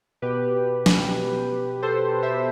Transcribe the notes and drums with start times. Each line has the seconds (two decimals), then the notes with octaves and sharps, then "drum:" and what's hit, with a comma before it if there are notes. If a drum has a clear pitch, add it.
0.22 B2 G4 B4
0.86 drum: snare
1.82 A4 C5
2.23 C5 E5